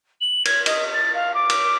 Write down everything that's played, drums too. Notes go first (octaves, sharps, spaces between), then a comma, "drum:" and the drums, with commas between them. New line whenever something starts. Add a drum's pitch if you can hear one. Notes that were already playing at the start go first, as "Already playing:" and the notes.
F#7
G#6, drum: cymbal
D#5, drum: cymbal
A6
F5
D6
drum: cymbal